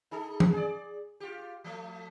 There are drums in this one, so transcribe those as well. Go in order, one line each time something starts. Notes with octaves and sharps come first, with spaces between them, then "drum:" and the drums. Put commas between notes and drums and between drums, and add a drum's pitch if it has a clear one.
D#4 G#4 A4
drum: tom F3
G#4 D5
F4 G4
F3 A3